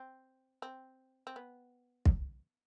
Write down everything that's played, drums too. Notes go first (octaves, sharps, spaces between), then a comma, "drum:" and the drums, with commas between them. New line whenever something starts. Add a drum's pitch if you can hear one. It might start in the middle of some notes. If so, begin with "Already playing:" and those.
Already playing: C4
C4
C4
B3
drum: kick